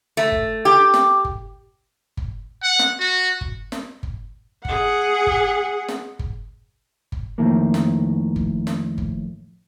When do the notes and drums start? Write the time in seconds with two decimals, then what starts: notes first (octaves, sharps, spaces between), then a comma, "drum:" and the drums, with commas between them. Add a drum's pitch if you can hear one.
0.17 A3
0.32 drum: kick G1
0.65 G4
0.94 drum: snare
1.25 drum: kick G1
2.17 drum: kick G1
2.62 F#5
2.79 drum: snare
3.00 F#4
3.41 drum: kick G1
3.72 drum: snare
4.03 drum: kick G1
4.65 G#4 F#5, drum: kick G1
5.27 drum: kick G1
5.88 drum: snare
6.19 drum: kick G1
7.12 drum: kick G1
7.38 F2 A2 D#3 F3 A#3
7.74 drum: snare
8.36 drum: kick G1
8.67 drum: snare
8.98 drum: kick G1